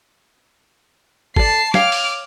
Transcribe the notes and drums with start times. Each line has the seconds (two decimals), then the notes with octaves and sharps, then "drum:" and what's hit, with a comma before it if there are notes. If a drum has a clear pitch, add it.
1.36 A4 D5 A5 C7, drum: kick
1.74 C#5 F5 G5 D6 F6, drum: snare
1.92 drum: open hi-hat